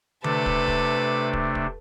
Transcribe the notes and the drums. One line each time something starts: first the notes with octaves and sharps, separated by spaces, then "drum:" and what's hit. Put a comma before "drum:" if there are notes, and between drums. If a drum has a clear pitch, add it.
C3 A3 D4 A4 B4, drum: tom D3
drum: kick
drum: kick
drum: kick
drum: kick